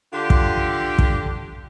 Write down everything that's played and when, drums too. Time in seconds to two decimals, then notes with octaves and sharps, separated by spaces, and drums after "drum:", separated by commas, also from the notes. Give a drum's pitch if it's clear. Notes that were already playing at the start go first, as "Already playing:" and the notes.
0.13 D3 F4 G4
0.30 drum: kick
0.99 drum: kick